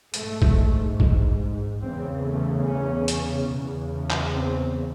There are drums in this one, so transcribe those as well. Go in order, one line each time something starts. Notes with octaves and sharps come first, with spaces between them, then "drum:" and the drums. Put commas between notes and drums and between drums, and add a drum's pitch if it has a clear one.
G#2 A3, drum: hi-hat
drum: kick
drum: kick
E2 C#3 C4
A3
C#4
drum: hi-hat
E2 C#3
drum: clap
C4